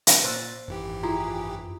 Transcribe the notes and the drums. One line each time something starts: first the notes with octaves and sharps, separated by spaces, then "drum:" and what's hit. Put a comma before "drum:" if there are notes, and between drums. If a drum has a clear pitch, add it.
drum: hi-hat
A#2 C5 C6 E6 A6
G#1 F#2 E3 G4
E4 F4 G#4 A#5 C6